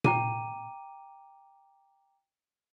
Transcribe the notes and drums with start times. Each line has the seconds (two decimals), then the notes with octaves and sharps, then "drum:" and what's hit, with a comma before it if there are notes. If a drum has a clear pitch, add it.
0.04 G5 A#5 D6 D#7, drum: tom A#2